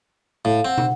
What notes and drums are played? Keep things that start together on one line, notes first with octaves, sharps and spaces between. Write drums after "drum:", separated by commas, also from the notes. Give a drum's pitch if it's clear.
A2 F5
C4 F#5
drum: tom